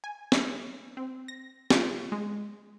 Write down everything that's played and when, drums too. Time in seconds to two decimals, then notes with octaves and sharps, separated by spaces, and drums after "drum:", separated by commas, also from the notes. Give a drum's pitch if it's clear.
0.04 G#5
0.32 drum: snare
0.97 C4
1.28 A#6
1.70 F4, drum: snare
2.12 G#3